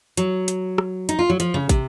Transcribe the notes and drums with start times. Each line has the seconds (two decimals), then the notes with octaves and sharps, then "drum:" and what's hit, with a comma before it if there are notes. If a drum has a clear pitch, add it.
0.17 F#3, drum: hi-hat
0.48 drum: hi-hat
0.78 drum: rim click
1.09 D#4, drum: hi-hat
1.19 F4
1.30 F#3
1.40 F3, drum: hi-hat
1.54 C#3
1.69 C3, drum: kick, hi-hat